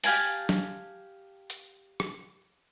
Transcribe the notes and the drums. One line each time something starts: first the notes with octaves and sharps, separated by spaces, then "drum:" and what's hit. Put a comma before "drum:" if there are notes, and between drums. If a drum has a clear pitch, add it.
G4 F5 G#5 A5, drum: open hi-hat
drum: snare
drum: hi-hat
drum: rim click